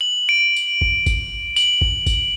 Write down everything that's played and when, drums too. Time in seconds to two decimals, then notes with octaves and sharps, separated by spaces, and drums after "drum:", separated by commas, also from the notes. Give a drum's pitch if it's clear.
0.01 F#7
0.29 D7
0.56 drum: tambourine
0.81 drum: kick
1.06 drum: kick, tambourine
1.56 F#7, drum: tambourine
1.81 drum: kick
2.06 drum: kick, tambourine